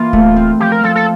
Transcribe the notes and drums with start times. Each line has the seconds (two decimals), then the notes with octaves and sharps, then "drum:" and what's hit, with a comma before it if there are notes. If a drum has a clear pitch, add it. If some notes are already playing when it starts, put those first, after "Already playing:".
Already playing: E3 A#3 F4
0.13 A3, drum: kick D1
0.36 C4
0.60 F3 G4
0.72 A#4
0.83 F3 A4
0.95 A4